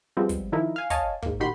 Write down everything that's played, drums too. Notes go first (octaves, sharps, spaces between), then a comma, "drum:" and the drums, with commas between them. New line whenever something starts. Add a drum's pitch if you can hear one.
F3 G3 G#3 B3 C4
drum: kick, hi-hat
D#3 F3 D#4 E4 A#4
F5 G#5
C#5 D#5 F5 G#5 A5, drum: kick, hi-hat
G#2 A#3, drum: kick
A#1 D#3 F#4 G4 B5 C6